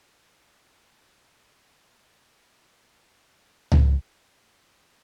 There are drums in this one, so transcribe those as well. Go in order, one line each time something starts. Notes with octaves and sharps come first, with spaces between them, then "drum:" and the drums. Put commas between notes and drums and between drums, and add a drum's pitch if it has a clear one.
G4 G#5
C4 A5
C4
F#5 A#5
A1 D#2 G#2 C#3 F3
drum: tom C#2